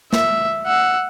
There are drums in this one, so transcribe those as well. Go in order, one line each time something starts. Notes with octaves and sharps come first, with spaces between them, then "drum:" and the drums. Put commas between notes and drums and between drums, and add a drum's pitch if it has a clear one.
E5, drum: snare
F#5 E6